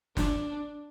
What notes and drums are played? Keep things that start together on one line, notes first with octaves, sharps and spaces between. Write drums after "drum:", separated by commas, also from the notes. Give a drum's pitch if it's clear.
D4, drum: snare